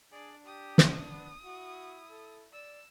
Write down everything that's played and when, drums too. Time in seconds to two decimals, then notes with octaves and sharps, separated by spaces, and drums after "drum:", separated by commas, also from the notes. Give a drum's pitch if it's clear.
0.12 D4 G#4 D5
0.46 G4 D#6
0.78 drum: snare
1.09 B3
1.43 E4 F#4
2.08 A4
2.53 D5 E6